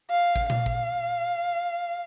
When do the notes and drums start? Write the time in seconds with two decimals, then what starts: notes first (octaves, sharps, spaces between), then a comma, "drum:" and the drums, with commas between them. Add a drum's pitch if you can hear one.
0.10 F5
0.36 drum: kick
0.50 F5, drum: tom A#2
0.66 drum: kick